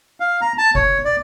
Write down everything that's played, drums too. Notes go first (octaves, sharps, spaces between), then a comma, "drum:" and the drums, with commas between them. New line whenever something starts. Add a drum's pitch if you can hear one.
F5
A#5
A5
C#5, drum: kick F1
D5